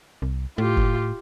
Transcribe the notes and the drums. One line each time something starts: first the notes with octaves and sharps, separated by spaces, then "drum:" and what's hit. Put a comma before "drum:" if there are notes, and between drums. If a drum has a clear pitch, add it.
C2
A2 F4 G4
drum: kick